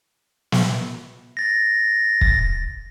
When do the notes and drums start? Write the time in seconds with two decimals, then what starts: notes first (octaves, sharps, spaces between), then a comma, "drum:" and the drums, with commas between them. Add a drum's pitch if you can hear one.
0.52 drum: snare
1.37 A6 A#6
2.21 drum: kick